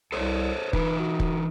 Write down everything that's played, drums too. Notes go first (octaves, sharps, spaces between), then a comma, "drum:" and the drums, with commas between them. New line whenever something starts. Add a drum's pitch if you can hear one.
C2 A4 C5 C#5
E3 D#4 B4, drum: kick
F#4
drum: kick